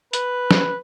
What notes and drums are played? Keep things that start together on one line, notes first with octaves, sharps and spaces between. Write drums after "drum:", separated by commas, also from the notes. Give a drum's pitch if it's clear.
B4, drum: hi-hat
drum: snare